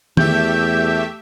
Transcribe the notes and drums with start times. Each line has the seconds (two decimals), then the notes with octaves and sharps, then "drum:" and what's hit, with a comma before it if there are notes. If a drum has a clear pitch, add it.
0.17 E2 A3 G4 E5 G6, drum: tom D#3